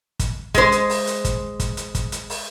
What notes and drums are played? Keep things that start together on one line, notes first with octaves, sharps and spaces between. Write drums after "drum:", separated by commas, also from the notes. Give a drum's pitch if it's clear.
drum: kick, hi-hat
G#3 C5, drum: kick, hi-hat
drum: hi-hat
drum: open hi-hat
drum: hi-hat
drum: kick, hi-hat
drum: kick, hi-hat
drum: hi-hat
drum: kick, hi-hat
drum: hi-hat
drum: open hi-hat